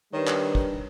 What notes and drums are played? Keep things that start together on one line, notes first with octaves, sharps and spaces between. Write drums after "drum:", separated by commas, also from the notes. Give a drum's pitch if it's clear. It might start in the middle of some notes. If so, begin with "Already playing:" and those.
D#3 G3 D4 B4 C#5
drum: clap
drum: kick